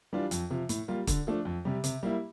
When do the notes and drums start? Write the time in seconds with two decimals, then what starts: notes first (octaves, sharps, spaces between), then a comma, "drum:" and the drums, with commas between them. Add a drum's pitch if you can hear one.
0.13 E3 G3 D4 F4
0.31 F2, drum: hi-hat
0.50 C3 F3
0.69 A2, drum: hi-hat
0.88 G3 A#3 F4
1.07 D3, drum: kick, hi-hat
1.27 F3 A3 D4
1.45 F2
1.65 C3 G3
1.84 C3, drum: hi-hat
2.03 G3 A#3 E4